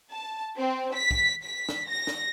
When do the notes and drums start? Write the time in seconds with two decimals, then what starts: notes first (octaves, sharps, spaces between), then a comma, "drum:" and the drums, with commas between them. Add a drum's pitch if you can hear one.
0.11 A5
0.58 C4
0.95 B6
1.11 drum: kick
1.45 B6
1.69 drum: snare
1.88 A#6
2.07 drum: snare